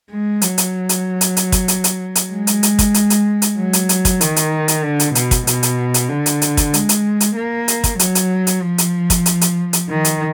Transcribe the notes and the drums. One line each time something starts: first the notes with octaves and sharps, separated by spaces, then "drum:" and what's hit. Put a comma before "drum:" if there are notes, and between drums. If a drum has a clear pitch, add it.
G#3
F#3, drum: hi-hat
drum: hi-hat
drum: hi-hat
drum: hi-hat
drum: hi-hat
drum: kick, hi-hat
drum: hi-hat
drum: hi-hat
drum: hi-hat
G#3
drum: hi-hat
drum: hi-hat
drum: kick, hi-hat
drum: hi-hat
drum: hi-hat
drum: hi-hat
F#3
drum: hi-hat
drum: hi-hat
drum: kick, hi-hat
D#3, drum: hi-hat
drum: hi-hat
drum: hi-hat
D3
drum: hi-hat
B2, drum: hi-hat
drum: kick, hi-hat
B2, drum: hi-hat
drum: hi-hat
drum: hi-hat
D3
drum: hi-hat
drum: hi-hat
drum: kick, hi-hat
G#3, drum: hi-hat
drum: hi-hat
drum: hi-hat
A#3
drum: hi-hat
drum: kick, hi-hat
F#3, drum: hi-hat
drum: hi-hat
drum: hi-hat
F3
drum: hi-hat
drum: kick, hi-hat
drum: hi-hat
drum: hi-hat
drum: hi-hat
D#3
drum: hi-hat